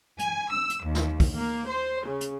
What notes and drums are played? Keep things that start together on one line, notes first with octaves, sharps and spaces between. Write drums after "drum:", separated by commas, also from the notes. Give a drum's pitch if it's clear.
G#5, drum: hi-hat
E6
drum: hi-hat
D#2
drum: snare
drum: kick, open hi-hat
A#3
C5
C#3
drum: hi-hat